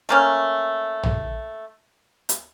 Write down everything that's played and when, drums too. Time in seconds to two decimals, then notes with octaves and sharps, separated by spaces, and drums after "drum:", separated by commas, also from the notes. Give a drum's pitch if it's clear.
0.09 A3 A#3 C#4
1.03 drum: tom A#1
2.29 drum: hi-hat